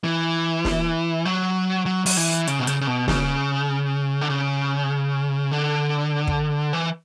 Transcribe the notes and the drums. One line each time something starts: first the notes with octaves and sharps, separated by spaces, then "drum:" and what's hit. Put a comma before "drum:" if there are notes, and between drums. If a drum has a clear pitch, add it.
E3
drum: snare
F#3
F#3
F#3, drum: open hi-hat
E3
C#3, drum: hi-hat
B2
C#3, drum: hi-hat
C#3
B2
C#3, drum: snare
D3
C#3
D3
drum: kick
E3